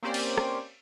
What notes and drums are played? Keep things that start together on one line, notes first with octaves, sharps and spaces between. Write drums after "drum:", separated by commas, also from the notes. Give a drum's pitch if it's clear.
A#3 C4 C#4 G4 C5 D5
drum: cymbal
drum: rim click